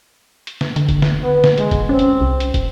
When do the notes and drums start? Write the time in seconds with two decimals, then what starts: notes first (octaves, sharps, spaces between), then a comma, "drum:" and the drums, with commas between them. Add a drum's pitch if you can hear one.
0.47 drum: hi-hat
0.61 drum: snare
0.76 D3, drum: hi-hat
0.89 drum: kick, hi-hat
1.02 drum: snare
1.23 B3
1.44 drum: snare
1.58 G#3, drum: hi-hat
1.71 drum: kick, hi-hat
1.89 C4 C#4
1.99 drum: hi-hat
2.21 C2
2.40 drum: hi-hat
2.54 drum: kick, hi-hat